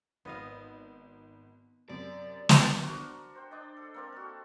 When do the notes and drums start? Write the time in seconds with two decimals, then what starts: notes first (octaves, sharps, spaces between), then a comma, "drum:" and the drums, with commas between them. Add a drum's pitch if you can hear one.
0.25 G#1 B3 D#5 F5 D#6
1.90 F#2 C3 D5
2.49 drum: snare
2.82 D4 F#4 A#4 C5
3.35 C5 G5
3.51 D4 D5 D#5
3.77 A4
3.94 A#3 C4 A#4
4.12 F#4 A4